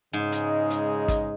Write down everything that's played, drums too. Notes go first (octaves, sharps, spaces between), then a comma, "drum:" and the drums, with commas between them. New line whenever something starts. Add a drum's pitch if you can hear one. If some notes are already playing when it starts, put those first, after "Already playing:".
G#2 C#3 G#3 D#4
drum: hi-hat
drum: hi-hat
drum: kick, hi-hat